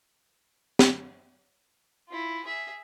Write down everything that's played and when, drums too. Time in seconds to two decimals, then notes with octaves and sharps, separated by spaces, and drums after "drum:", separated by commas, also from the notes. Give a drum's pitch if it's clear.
0.79 drum: snare
2.09 E4 F4
2.44 G#4 E5